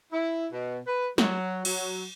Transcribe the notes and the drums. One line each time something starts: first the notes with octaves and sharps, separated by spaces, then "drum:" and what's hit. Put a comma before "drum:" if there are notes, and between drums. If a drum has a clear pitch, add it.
E4
B2
B4
F#3, drum: snare
F#3, drum: cymbal